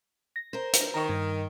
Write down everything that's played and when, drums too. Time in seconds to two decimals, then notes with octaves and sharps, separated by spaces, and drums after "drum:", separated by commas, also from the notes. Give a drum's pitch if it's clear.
0.36 A#6
0.53 A#4 C5
0.73 drum: hi-hat
0.94 D#3 A#5 C#6
1.09 G2